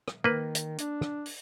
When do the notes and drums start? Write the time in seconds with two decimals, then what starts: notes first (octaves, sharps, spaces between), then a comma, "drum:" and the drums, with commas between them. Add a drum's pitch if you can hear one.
0.08 drum: rim click
0.24 D#3 A#3 B4
0.55 drum: hi-hat
0.78 D4, drum: hi-hat
1.02 drum: rim click
1.26 drum: open hi-hat